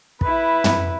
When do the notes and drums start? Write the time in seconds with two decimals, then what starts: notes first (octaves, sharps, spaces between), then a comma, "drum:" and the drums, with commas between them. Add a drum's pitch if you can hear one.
0.21 E4 B4, drum: kick
0.64 drum: tom